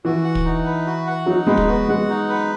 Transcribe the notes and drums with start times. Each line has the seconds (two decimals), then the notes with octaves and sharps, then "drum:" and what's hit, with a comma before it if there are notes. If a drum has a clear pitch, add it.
0.05 E3 F#4
0.24 F#5
0.35 drum: kick
0.45 D#4
0.65 B4
0.87 F#4
1.07 F#5
1.26 F#3 D#4
1.47 G#3 B4
1.57 drum: kick
1.68 B3 F#4
1.89 G#3 F#5
2.09 D#4
2.29 B4